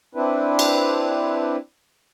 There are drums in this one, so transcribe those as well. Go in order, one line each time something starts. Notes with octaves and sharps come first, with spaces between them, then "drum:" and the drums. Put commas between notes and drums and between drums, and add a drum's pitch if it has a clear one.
C4 D4 E4 B4
drum: cymbal